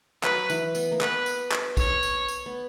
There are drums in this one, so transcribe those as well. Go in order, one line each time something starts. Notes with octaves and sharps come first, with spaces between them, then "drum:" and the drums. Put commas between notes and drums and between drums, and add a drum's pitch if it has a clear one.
F#3 B4, drum: clap
E3, drum: tambourine
B3, drum: tambourine
A#3
B3 B4, drum: clap
drum: tambourine
drum: clap
C#5, drum: kick, tambourine
drum: tambourine
drum: tambourine
B3